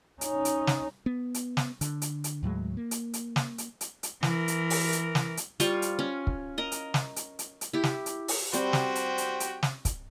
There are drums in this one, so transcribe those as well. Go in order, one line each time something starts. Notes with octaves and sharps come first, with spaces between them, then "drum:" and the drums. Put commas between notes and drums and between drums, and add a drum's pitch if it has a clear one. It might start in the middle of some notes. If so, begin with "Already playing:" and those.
C#4 D#4, drum: hi-hat
drum: hi-hat
drum: snare
B3
drum: hi-hat
drum: snare
D3, drum: hi-hat
drum: hi-hat
drum: hi-hat
D#2 A2 F#3 G#3
A#3
drum: hi-hat
drum: hi-hat
drum: snare
drum: hi-hat
drum: hi-hat
drum: hi-hat
E3 A#4, drum: snare
drum: hi-hat
drum: open hi-hat
drum: hi-hat
drum: snare
drum: hi-hat
G3 F4 C5 C#6, drum: hi-hat
drum: hi-hat
C#4
drum: kick
A#4 D#5
drum: hi-hat
drum: snare
drum: hi-hat
drum: hi-hat
drum: hi-hat
E4 G4
drum: snare
drum: hi-hat
drum: open hi-hat
G3 C4 F#4 G4 C5, drum: hi-hat
drum: snare
drum: hi-hat
drum: hi-hat
drum: hi-hat
drum: snare
drum: kick, hi-hat